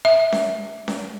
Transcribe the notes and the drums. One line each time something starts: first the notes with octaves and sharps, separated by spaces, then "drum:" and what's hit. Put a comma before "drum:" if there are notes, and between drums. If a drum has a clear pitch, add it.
E5
drum: snare C#4
drum: snare C#4